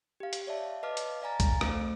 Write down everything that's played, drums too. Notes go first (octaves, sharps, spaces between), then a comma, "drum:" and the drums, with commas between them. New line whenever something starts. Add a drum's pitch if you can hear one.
G4 F5
drum: hi-hat
C#5 D5 E5 A5
B4 D#5 F5 A5 D6 F6
drum: hi-hat
D5 F5 G#5 A#5 A6
drum: kick C2, hi-hat
A3 C5, drum: rim click